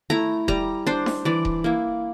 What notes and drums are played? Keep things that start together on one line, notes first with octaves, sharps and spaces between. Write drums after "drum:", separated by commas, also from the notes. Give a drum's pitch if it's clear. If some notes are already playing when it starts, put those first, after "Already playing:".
A3 E4 A#5
G3 A#5, drum: kick D#1
D4 C5
drum: snare D#4
E3 D5
drum: kick D#1
A#3 E4